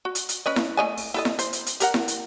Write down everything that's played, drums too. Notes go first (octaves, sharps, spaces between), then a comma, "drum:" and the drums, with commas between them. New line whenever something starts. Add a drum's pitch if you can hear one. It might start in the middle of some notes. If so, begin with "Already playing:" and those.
F#4
drum: hi-hat
drum: hi-hat
C#4 B4 D#5
drum: snare E4
A3 D#5 G#5
drum: open hi-hat
E4 A4 D#5
drum: snare E4
C5, drum: hi-hat
drum: hi-hat
drum: hi-hat
G4 A#4 F#5, drum: hi-hat
drum: snare E4
drum: hi-hat